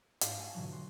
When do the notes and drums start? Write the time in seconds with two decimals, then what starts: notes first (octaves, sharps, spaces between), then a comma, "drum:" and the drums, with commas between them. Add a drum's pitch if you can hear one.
0.21 G#2 D4 F4 B4 F5, drum: hi-hat
0.39 A3 G#5
0.54 B2 D3 E3 F#3
0.71 C6 F#6